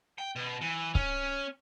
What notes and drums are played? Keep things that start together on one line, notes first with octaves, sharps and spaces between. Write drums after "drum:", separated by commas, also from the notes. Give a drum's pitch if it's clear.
G5
B2
E3
C#4, drum: kick C#1